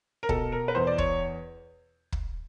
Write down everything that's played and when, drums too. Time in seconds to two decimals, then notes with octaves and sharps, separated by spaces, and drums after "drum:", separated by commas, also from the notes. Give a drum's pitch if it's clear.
0.23 A#4
0.29 B2 A4, drum: kick
0.52 A#4
0.68 B4
0.75 E2 C5
0.87 D5
0.98 C#5, drum: kick
2.12 drum: kick